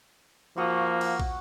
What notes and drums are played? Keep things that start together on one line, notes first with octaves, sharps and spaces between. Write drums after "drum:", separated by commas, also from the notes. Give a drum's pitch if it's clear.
F3 A#3 F#4 C#6 D#6
drum: cymbal
drum: kick